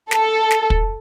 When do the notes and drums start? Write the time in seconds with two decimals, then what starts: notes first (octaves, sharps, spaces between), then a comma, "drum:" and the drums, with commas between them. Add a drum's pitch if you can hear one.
0.11 A4, drum: snare
0.51 drum: snare
0.70 drum: kick